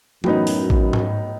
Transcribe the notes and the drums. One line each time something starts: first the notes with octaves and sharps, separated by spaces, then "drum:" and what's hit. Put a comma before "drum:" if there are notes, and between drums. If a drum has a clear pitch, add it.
F#2 A2 F#3 B3 D#4, drum: tom E3
drum: open hi-hat
drum: kick
drum: tom G#2